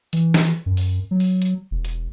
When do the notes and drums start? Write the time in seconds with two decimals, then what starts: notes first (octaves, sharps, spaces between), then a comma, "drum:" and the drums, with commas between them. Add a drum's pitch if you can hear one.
0.13 E3, drum: hi-hat
0.34 drum: snare
0.66 F#2
0.77 drum: open hi-hat
1.11 F#3
1.20 drum: open hi-hat
1.42 drum: hi-hat
1.71 E1
1.85 drum: hi-hat